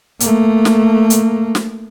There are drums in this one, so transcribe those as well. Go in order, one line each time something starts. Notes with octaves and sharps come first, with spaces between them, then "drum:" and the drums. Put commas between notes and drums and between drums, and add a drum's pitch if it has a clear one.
A3 A#3, drum: hi-hat
drum: snare
drum: hi-hat
drum: snare